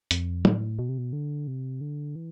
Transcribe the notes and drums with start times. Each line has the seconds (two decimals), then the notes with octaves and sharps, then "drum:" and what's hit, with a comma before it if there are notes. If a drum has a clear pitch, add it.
0.11 F2, drum: hi-hat
0.45 A2, drum: tom
0.79 B2
0.89 C3
0.98 B2
1.13 D3
1.47 C3
1.81 D3
2.16 E3